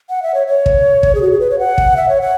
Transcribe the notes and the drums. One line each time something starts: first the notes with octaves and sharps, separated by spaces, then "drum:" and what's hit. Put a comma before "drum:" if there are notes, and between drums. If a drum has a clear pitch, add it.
F#5
E5
C#5
C#5
drum: kick
drum: kick
G#4
F#4
G#4
B4
C#5
F#5
drum: kick
E5
C#5
F#5